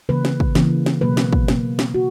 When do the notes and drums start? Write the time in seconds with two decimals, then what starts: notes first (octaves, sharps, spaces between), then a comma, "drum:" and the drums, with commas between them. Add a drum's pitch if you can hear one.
0.09 C#3 E3 A#3 B4
0.25 drum: snare
0.40 drum: kick
0.55 C#3 E3 A#3, drum: snare
0.86 drum: snare
1.01 B2 F#3 A#3 B4
1.17 drum: snare
1.33 drum: kick
1.48 B2 F#3 A#3, drum: snare
1.79 drum: snare
1.94 C#3 F#4